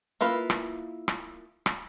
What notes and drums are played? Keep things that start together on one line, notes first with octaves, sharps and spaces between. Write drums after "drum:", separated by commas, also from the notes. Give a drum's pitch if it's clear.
A#3 E4 F4 B4
drum: rim click
drum: rim click
drum: rim click